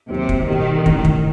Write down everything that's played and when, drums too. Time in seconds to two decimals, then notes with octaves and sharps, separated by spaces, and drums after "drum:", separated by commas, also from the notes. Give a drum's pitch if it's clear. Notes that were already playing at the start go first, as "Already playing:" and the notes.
0.10 D#2 C3 D#3 F#3 C4 D#4
0.29 drum: kick
0.47 B2 D#3 G3 D#4 G4
0.86 A1 A2 E3, drum: kick
1.05 drum: kick